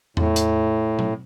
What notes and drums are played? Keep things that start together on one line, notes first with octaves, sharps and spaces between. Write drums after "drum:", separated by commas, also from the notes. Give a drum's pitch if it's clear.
A2, drum: tom E2
drum: hi-hat
drum: tom B2